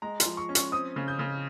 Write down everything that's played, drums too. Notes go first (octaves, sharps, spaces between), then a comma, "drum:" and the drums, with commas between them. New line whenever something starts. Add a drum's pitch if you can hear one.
G#3 A#5
C6, drum: hi-hat
F3
C#6
C#4
C#6, drum: hi-hat
C4 D#6
C#3
G6
C#3